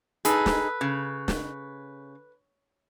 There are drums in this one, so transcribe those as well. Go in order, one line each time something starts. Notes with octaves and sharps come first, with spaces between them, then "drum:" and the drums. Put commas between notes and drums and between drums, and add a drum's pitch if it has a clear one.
D#4 G#4 A4 B4, drum: hi-hat
drum: snare
C#3
drum: snare